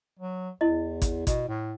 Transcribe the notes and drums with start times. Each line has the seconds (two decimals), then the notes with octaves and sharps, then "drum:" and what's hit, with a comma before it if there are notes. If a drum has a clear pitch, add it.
0.19 F#3
0.61 E2 E4 D#5
1.02 drum: kick G#1, hi-hat
1.27 B2, drum: kick G#1, hi-hat
1.48 A2